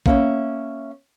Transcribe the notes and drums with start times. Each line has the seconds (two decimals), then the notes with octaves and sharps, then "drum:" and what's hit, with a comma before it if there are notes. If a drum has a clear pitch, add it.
0.06 A#3 C#4 E5, drum: kick A#1